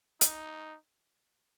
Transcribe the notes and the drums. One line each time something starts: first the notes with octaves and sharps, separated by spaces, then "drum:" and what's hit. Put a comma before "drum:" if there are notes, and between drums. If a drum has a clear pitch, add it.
D#4, drum: hi-hat